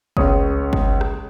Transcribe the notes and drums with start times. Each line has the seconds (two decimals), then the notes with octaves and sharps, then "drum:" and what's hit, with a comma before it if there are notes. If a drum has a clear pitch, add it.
0.17 C#2 C#5 D#6, drum: kick G1
0.73 drum: kick G1
1.01 drum: rim click